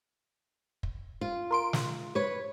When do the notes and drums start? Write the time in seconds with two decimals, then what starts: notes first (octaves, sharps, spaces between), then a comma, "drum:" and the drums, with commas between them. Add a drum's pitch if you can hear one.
0.83 drum: kick
1.21 F4
1.51 A#4 C6 D7
1.73 drum: snare
2.15 B4 C#5